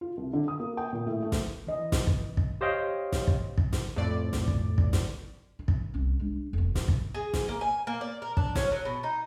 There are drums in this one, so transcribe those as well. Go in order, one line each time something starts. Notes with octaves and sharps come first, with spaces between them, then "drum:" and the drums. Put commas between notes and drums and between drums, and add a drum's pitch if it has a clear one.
F4
C2
D3
D#6
A#3
G5
A#2
A2
A3
drum: snare
E3 D#5
drum: snare
drum: kick
drum: kick
G4 C5 C#5 D#5 F5 G5
drum: snare
drum: kick
drum: kick
drum: snare
F2 A2 D5
drum: snare
drum: kick
drum: kick
drum: snare
D#3
drum: kick
C2 C#4
G#3 D4
F1 D#2
F#1 B1, drum: snare
drum: kick
G#4
drum: snare
A#3
G#5
A#3
D5
A#4
D4, drum: kick
C#4, drum: snare
F#3
B2
D#4